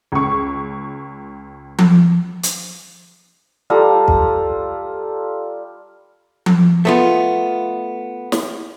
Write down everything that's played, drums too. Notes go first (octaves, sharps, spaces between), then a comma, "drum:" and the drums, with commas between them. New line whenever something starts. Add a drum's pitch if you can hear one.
C#2 C#6
drum: tom F3
drum: hi-hat
G3 F4 A4 A#5
drum: kick
drum: tom F3
A3 B3 F4
drum: snare